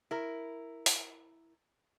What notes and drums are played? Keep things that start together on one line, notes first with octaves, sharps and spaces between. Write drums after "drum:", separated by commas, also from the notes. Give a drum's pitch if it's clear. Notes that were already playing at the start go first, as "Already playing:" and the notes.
E4 A#4
drum: open hi-hat